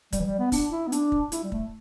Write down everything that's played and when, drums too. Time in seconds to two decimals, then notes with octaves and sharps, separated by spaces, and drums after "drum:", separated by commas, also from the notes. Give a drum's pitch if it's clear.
0.13 G3, drum: kick, hi-hat
0.20 E3
0.25 G3
0.39 B3
0.52 D4, drum: kick, open hi-hat
0.72 E4
0.87 B3
0.92 D4, drum: hi-hat
1.12 drum: kick
1.32 E4, drum: hi-hat
1.43 G3
1.52 A3, drum: kick